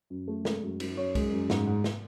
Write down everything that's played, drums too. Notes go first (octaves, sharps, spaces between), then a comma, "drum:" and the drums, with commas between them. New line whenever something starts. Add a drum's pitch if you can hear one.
F#2
A3
G#3 A4, drum: snare
F#2
F#2, drum: cymbal
F#2 C#5
G#3, drum: kick, cymbal
F#2
G#2, drum: snare
G#2
drum: snare